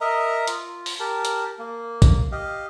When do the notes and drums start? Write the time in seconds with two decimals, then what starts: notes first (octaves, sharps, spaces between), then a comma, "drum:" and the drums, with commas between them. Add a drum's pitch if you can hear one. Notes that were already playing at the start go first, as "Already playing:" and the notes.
0.01 A#4 D#5 E5 A#5
0.47 F4, drum: hi-hat
0.86 drum: open hi-hat
1.00 G4 A#4 A5
1.25 drum: hi-hat
1.59 A#3
2.02 drum: kick A#1, hi-hat
2.32 G4 D#5 F5